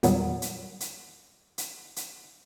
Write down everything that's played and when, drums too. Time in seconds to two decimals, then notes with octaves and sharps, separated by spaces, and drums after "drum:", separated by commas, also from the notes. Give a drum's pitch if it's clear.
0.03 E2 A#2 D#3 F#3 G3 B3, drum: hi-hat
0.42 drum: hi-hat
0.80 drum: hi-hat
1.58 drum: hi-hat
1.96 drum: hi-hat